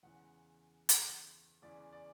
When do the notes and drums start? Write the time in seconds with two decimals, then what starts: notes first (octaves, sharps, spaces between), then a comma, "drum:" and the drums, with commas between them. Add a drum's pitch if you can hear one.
0.03 E2 C#3 E3 F#5
0.89 drum: hi-hat
1.62 E2 C#3 E3 D5
1.93 D5